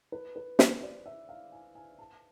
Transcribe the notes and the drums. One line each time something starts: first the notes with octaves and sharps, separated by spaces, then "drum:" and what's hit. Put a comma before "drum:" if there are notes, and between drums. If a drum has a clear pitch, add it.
B4
B4
C5, drum: snare
D5
E5
F5
G#5
G#5
A5